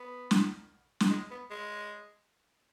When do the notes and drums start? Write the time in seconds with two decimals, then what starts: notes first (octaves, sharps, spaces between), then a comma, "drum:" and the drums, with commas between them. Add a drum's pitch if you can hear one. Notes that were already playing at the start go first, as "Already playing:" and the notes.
Already playing: B3
0.31 drum: snare
1.00 drum: snare
1.10 G#3
1.31 B3
1.50 G#3